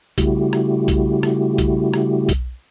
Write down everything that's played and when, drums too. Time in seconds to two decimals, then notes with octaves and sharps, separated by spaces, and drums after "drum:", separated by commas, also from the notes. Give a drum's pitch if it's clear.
0.18 C#3 G3 A3 E4 F#4 G4, drum: kick B1, hi-hat
0.53 drum: rim click
0.88 drum: kick B1, hi-hat
1.23 drum: rim click
1.58 drum: kick B1, hi-hat
1.94 drum: rim click
2.29 drum: kick B1, hi-hat